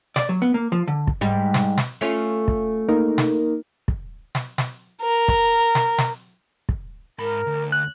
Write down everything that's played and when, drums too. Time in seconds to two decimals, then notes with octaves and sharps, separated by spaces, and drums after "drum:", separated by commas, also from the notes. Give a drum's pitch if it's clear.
0.16 D5, drum: snare
0.29 F#3
0.42 B3
0.54 A#3
0.72 F3
0.88 D3
1.07 drum: kick
1.21 G#2 G3
1.54 drum: snare
1.78 drum: snare
2.01 A3 C#4 F4
2.48 drum: kick
2.88 A#3 D#4 A#4
3.18 drum: snare
3.88 drum: kick
4.35 drum: snare
4.58 drum: snare
5.02 A#4
5.28 drum: kick
5.75 drum: snare
5.99 drum: snare
6.69 drum: kick
7.19 G#2 A#4 B5
7.47 D2
7.72 F#6